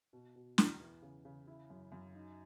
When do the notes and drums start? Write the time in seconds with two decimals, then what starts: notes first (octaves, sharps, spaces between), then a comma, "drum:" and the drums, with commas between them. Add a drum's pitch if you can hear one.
0.13 B2
0.36 B2
0.58 E2, drum: snare
0.80 E3
1.02 C#3
1.25 C#3
1.47 E4
1.70 F#2
1.92 F#2
2.15 D#4